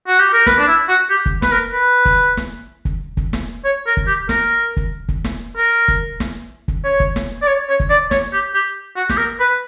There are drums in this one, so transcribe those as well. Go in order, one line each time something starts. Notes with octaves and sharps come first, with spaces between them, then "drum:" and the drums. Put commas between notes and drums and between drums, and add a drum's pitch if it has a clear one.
F#4
G4
A#4
B4, drum: snare
D4
E4
F#4
G4
drum: kick
B4, drum: snare
A#4
B4
drum: kick
drum: snare
drum: kick
drum: kick
drum: snare
C#5
A#4
drum: kick
G4
A#4, drum: snare
drum: kick
drum: kick
drum: snare
A#4
drum: kick
drum: snare
drum: kick
C#5
drum: kick
drum: snare
D5
C#5
C#5
drum: kick
D5
C#5, drum: snare
G4
G4
F#4
G4, drum: snare
A#4
B4